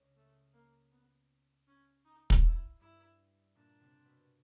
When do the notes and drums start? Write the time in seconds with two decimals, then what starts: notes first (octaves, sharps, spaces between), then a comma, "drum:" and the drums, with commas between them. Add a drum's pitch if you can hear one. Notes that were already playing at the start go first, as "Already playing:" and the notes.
Already playing: C#2 C#3
0.16 A3
0.53 A#3
0.92 B3
1.67 C#4
2.05 D#4
2.30 drum: kick
2.42 E4
2.80 G2 G3 E4
3.55 A#2 A#3 D4
3.80 C3 C4
4.06 B2 B3